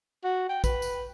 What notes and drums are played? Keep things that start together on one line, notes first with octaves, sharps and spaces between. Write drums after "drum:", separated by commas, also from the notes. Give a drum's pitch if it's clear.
F#4
G5
B4, drum: kick, tambourine
drum: tambourine